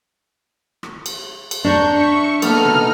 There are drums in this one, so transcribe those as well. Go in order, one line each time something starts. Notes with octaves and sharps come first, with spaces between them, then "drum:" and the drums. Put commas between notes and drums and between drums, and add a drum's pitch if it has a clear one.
drum: rim click
drum: cymbal
drum: cymbal
D4 A#5 C#6 G6
E5 C#6
A#3 B3 D#4 A4 F6, drum: cymbal
drum: tom B2